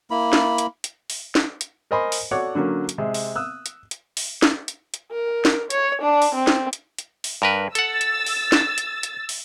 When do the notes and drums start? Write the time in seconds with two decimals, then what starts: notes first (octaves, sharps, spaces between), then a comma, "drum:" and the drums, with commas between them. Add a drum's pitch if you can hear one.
0.11 A#3 E4 B5
0.33 drum: snare
0.58 drum: hi-hat
0.84 drum: hi-hat
1.10 drum: open hi-hat
1.35 drum: snare
1.61 drum: hi-hat
1.91 A#4 C5 D#5 G#5 B5 C6
2.12 drum: open hi-hat
2.31 F#4 A4 C#5 D5 F#5 D6
2.55 D3 F#3 A#3 C#4
2.89 drum: hi-hat
2.98 C3 G#3
3.14 drum: open hi-hat
3.36 D#6 E6 F#6
3.66 drum: hi-hat
3.91 drum: hi-hat
4.17 drum: open hi-hat
4.42 drum: snare
4.68 drum: hi-hat
4.94 drum: hi-hat
5.11 A#4
5.45 drum: snare
5.70 C#5, drum: hi-hat
6.02 D4
6.22 drum: open hi-hat
6.35 C4
6.47 drum: snare
6.73 drum: hi-hat
6.98 drum: hi-hat
7.24 drum: open hi-hat
7.42 G2 A#4 B4
7.75 A4 F#5 E6 A6, drum: hi-hat
8.01 drum: hi-hat
8.26 drum: open hi-hat
8.52 drum: snare
8.78 drum: hi-hat
9.03 drum: hi-hat
9.29 drum: open hi-hat